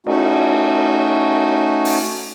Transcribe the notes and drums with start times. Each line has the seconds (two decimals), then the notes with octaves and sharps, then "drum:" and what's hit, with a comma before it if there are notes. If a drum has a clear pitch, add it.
0.07 A3 C#4 D#4 F#4, drum: cymbal
1.85 drum: open hi-hat